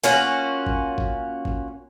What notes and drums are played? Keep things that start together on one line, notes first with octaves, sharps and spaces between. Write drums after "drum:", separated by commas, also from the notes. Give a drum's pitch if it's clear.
A#3 C#4 F4 F#4
drum: kick
drum: kick
drum: kick